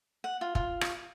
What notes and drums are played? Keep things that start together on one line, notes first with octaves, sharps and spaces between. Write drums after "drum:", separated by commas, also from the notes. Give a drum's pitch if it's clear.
F#5
F4
F4, drum: kick
drum: rim click